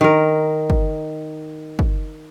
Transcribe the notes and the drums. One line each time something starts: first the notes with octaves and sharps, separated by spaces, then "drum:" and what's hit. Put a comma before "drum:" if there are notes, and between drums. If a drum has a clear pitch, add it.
D#3 A#4
drum: kick
drum: kick